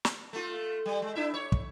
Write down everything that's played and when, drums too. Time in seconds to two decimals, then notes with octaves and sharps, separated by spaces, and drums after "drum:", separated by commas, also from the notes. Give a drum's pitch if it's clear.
0.05 drum: snare
0.33 A3 F4
0.86 G3
1.02 G#3
1.15 D4 E4 E5
1.34 C#5
1.52 drum: kick